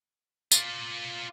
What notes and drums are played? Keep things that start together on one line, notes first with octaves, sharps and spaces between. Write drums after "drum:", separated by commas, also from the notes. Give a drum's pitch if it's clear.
F4 D5, drum: tambourine